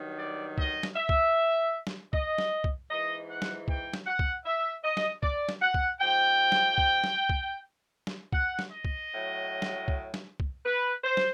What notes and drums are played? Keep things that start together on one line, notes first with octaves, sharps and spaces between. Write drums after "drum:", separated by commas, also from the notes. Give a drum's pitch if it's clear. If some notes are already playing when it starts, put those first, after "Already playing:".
Already playing: G2 D#3 F#3
D5
D#5, drum: kick
drum: snare
E5
drum: kick
drum: snare
D#5, drum: kick
drum: snare
drum: kick
G#2 E3 D#5
F#5
drum: snare
G5, drum: kick
drum: snare
F#5
drum: kick
E5
D#5
drum: snare
D5, drum: kick
drum: snare
F#5
drum: kick
G#2 F3 G5
drum: snare
drum: kick
drum: snare
drum: kick
drum: snare
F#5, drum: kick
drum: snare
D#5
drum: kick
A2 F#3
drum: snare
drum: kick
drum: snare
drum: kick
B4
C5
drum: snare